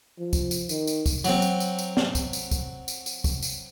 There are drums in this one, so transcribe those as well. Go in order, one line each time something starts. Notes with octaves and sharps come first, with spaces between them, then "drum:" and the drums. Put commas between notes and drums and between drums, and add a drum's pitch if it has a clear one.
F3
drum: kick, tambourine
drum: tambourine
D#3, drum: tambourine
drum: tambourine
drum: kick, tambourine
F#3 C4, drum: tambourine
drum: tambourine
drum: tambourine
drum: tambourine
drum: snare
drum: kick, tambourine
drum: tambourine
drum: kick, tambourine
drum: tambourine
drum: tambourine
drum: kick, tambourine
drum: tambourine